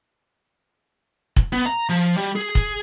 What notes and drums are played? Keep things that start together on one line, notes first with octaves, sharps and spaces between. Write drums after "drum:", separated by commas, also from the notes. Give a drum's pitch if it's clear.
drum: kick
B3
A#5
F3
G3
G#4
drum: kick